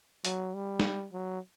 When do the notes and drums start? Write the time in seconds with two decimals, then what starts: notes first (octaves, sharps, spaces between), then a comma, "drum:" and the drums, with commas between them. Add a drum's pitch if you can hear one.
0.25 F#3, drum: hi-hat
0.54 G3
0.80 drum: snare
1.13 F#3